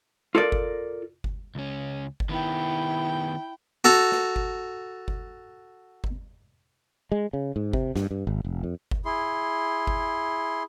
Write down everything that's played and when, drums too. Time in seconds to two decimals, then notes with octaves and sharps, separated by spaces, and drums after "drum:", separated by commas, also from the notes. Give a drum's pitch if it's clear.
0.35 F4 A4 A#4 D5
0.52 drum: kick G1
1.24 drum: kick G1
1.55 C#2 C#4
2.20 drum: kick G1
2.29 D#3 B3 E4 G5
3.84 F#4 A4 A#5
4.12 drum: snare
4.36 drum: kick G1
5.08 drum: kick G1
6.04 drum: kick G1
7.12 G#3
7.33 C#3
7.56 G#2
7.73 C3, drum: kick G1
7.96 G2, drum: snare
8.11 G2
8.27 G#1
8.45 F1
8.63 F2
8.91 drum: kick G1
9.05 E4 G#4 C6
9.87 drum: kick G1